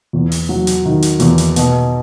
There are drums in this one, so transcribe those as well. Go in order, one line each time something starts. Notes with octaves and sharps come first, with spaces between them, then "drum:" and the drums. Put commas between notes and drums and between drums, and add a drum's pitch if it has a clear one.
E2
drum: open hi-hat
F#3
drum: hi-hat
D#3
drum: hi-hat
E2, drum: hi-hat
drum: hi-hat
B2, drum: hi-hat